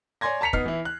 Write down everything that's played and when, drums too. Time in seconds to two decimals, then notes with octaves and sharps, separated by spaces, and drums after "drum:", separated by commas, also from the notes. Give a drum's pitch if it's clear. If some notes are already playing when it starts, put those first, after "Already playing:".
0.21 C#5 D5 G#5 C6 G#6 A#6
0.41 A5 A#5 B6 C#7 F7
0.53 B3 D#4 F6 C7, drum: kick
0.66 E3 E4
0.85 F#6